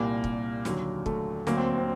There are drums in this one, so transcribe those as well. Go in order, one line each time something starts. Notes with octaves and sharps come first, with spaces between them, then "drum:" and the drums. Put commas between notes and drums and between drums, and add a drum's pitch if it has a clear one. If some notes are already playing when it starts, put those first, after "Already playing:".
Already playing: C2 A#2 G3 A#3
drum: kick
D#2 D3 F#3, drum: snare
A3, drum: kick
D2 D3 F#3 A#3, drum: snare
C4
C4